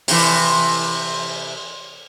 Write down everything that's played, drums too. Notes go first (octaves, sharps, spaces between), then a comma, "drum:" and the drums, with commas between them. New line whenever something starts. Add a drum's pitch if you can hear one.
C3 E3, drum: open hi-hat